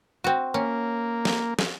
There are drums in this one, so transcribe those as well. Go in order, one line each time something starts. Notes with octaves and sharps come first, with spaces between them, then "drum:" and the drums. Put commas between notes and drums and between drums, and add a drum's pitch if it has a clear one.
C4 F#4
A#3 C#4
drum: snare
drum: snare